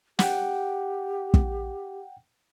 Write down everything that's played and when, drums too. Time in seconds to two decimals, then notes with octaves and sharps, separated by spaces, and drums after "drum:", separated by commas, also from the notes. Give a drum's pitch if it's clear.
0.19 G4 F#5 G5, drum: snare
1.34 drum: kick